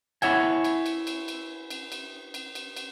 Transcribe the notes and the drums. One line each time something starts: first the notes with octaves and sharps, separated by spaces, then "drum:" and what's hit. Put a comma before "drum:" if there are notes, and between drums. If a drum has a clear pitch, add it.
E4 C#5 E5 F#5 G#5, drum: cymbal
drum: cymbal
drum: cymbal
drum: cymbal
drum: cymbal
drum: cymbal
drum: cymbal
drum: cymbal
drum: cymbal
drum: cymbal